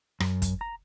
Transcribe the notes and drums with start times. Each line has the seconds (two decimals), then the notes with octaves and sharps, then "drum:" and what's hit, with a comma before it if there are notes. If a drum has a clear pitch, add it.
0.20 F#2, drum: rim click
0.42 drum: kick, hi-hat
0.61 A#5